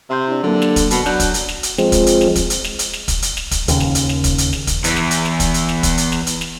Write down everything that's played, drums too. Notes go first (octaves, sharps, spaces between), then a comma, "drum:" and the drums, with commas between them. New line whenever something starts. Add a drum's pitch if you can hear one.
C3 E5 C6 G6
D4 E4
D3 F#3 A#3
drum: snare
drum: kick, hi-hat
B2, drum: hi-hat
F#3 D4 F#6 G6, drum: snare
drum: kick, hi-hat
drum: hi-hat
drum: snare
drum: hi-hat
F3 G#3 C4, drum: snare
drum: kick, hi-hat
drum: hi-hat
drum: snare
drum: kick, hi-hat
drum: hi-hat
drum: snare
drum: hi-hat
drum: snare
drum: kick, hi-hat
drum: hi-hat
drum: snare
drum: kick, hi-hat
D#2 C#3, drum: hi-hat
drum: snare
drum: hi-hat
drum: snare
drum: kick, hi-hat
drum: hi-hat
drum: snare
drum: kick, hi-hat
E2 E3, drum: hi-hat
drum: snare
drum: hi-hat
drum: snare
drum: kick, hi-hat
drum: hi-hat
drum: snare
drum: kick, hi-hat
drum: hi-hat
drum: snare
drum: hi-hat
drum: snare